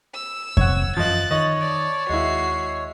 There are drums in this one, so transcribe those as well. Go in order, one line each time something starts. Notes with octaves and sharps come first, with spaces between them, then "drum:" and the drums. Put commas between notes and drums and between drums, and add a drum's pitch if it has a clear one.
E6
C3 C#5 F#5, drum: kick F2
F#2 E3 F3 D#5 F#6 A6
D#3 C#5 D#5
D5 A5
D#2 G#3 E4 F#4 C7